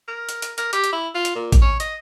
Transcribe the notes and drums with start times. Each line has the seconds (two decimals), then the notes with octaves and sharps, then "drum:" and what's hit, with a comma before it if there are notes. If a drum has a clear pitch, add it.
0.08 A#4
0.29 drum: hi-hat
0.42 drum: hi-hat
0.58 A#4, drum: hi-hat
0.73 G4, drum: hi-hat
0.84 drum: hi-hat
0.93 E4
1.15 F4
1.25 drum: hi-hat
1.36 A#2
1.52 drum: kick A1, hi-hat
1.62 C#5
1.80 D#5, drum: hi-hat